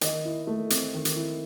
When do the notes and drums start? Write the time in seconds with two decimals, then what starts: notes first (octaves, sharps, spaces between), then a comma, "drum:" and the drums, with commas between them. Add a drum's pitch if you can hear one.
0.01 D#3 D#5, drum: hi-hat
0.25 E4
0.47 A3
0.70 C4, drum: hi-hat
0.94 D#3
1.05 drum: hi-hat
1.16 E4